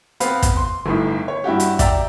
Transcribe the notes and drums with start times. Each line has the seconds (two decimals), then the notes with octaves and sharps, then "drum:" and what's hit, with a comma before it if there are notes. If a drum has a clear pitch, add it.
0.20 B3 C4 B4 F5, drum: hi-hat
0.43 drum: kick, hi-hat
0.57 C6
0.86 G1 A2 D#4
1.28 C#5
1.44 G2 E4 F#4 G4
1.60 drum: hi-hat
1.79 D5 E5 G5 A#5, drum: kick, hi-hat